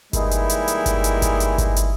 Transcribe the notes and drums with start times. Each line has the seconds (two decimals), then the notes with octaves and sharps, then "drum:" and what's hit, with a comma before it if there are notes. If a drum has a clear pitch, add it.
0.13 E3 G3 G#3 A#3 D#4 E4, drum: kick G1, hi-hat
0.31 drum: hi-hat
0.49 drum: hi-hat
0.68 drum: hi-hat
0.86 drum: kick G1, hi-hat
1.04 drum: hi-hat
1.22 drum: kick G1, hi-hat
1.40 drum: hi-hat
1.58 drum: kick G1, hi-hat
1.76 drum: hi-hat